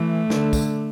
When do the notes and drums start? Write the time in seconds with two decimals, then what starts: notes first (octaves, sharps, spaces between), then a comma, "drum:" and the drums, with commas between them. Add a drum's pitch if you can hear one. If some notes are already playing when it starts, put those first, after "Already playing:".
Already playing: E3 A3
0.30 D3, drum: snare
0.53 drum: kick, tambourine